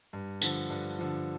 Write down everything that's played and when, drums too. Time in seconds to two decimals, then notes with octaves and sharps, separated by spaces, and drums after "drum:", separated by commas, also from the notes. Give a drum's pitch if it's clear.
0.13 G2
0.42 D3 F3, drum: tambourine
0.70 G2
0.99 D3 F3